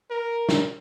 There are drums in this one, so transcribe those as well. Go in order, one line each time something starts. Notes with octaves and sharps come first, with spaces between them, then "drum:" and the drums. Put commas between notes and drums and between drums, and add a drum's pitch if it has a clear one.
A#4
drum: snare